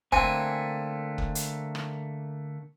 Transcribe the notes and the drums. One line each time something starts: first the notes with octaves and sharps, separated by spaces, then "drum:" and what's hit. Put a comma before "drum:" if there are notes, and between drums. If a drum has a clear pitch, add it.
D3 A3 A#3 C4 G#5, drum: kick F#1
drum: kick F#1
drum: hi-hat
drum: rim click